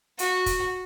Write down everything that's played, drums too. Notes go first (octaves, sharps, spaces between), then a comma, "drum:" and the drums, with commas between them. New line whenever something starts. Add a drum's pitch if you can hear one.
F#4, drum: hi-hat
drum: kick, hi-hat